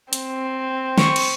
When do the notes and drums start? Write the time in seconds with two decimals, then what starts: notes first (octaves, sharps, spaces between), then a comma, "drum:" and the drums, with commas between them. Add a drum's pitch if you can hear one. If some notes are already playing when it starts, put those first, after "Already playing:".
0.13 C4, drum: hi-hat
0.98 C#6, drum: snare
1.16 drum: cymbal